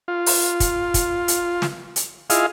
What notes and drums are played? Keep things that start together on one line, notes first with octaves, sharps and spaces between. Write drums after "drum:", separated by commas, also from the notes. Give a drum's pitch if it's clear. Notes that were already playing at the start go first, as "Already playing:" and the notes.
F4
drum: open hi-hat
drum: kick, hi-hat
drum: kick, hi-hat
drum: hi-hat
drum: snare
drum: hi-hat
E4 F4 G#4 D#5 F5, drum: hi-hat